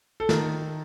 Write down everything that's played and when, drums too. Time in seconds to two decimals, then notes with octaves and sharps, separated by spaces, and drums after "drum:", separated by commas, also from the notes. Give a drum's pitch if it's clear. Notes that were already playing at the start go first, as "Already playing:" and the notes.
0.20 A4
0.29 D#3 A#4, drum: snare